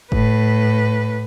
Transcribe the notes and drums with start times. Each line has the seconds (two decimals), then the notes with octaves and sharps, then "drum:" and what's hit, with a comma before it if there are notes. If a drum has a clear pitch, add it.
0.12 A2 B4, drum: kick F#1